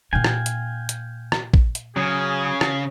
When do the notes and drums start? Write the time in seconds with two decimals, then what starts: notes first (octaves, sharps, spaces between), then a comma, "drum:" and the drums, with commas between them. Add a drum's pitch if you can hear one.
0.13 A#2 D#4 F5 G5 G#5
0.24 drum: rim click
0.46 drum: hi-hat
0.89 drum: hi-hat
1.32 drum: rim click
1.54 drum: kick
1.75 drum: hi-hat
1.97 C#3 F#3 G#4
2.61 drum: rim click